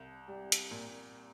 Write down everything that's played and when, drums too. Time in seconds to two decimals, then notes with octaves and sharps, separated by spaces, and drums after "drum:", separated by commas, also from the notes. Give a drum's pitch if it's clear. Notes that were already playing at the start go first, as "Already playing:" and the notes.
Already playing: C2
0.28 G3
0.52 drum: hi-hat
0.71 A#2